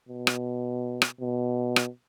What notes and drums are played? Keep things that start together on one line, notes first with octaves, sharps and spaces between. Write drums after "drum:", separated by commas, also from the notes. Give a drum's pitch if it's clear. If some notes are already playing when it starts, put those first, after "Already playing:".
B2
drum: rim click
drum: rim click
B2
drum: rim click